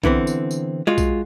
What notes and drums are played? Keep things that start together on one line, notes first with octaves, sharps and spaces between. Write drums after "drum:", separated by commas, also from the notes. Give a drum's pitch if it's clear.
D3 E3 B3 C4, drum: kick
drum: tambourine
drum: tambourine
G#3 F4 F#4
drum: kick, tambourine